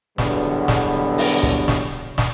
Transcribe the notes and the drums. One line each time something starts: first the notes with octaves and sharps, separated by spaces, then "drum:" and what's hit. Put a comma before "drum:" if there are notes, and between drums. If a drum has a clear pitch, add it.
E2 B2 D3 F#3 G3 B3, drum: snare
drum: snare
drum: open hi-hat
drum: kick
drum: snare
drum: snare